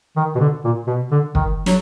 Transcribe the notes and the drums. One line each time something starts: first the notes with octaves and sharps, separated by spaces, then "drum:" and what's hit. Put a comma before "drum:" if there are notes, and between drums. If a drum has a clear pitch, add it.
D#3
B2
D3
A#2
B2
D3
D#3, drum: kick
F#3, drum: snare